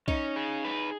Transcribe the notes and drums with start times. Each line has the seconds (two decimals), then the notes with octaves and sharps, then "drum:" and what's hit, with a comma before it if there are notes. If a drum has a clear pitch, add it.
0.08 C#4 D#4, drum: kick
0.36 G#4
0.65 B4